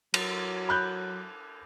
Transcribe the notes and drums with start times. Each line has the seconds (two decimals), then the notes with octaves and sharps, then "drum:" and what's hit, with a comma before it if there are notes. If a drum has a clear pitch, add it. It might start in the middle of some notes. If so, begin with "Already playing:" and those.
0.14 F#3, drum: cymbal
0.69 B5 F#6 G6